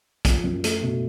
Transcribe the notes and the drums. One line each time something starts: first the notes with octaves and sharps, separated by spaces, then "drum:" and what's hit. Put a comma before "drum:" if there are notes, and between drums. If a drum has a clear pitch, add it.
F3, drum: kick, hi-hat
F#2
A3, drum: hi-hat
B2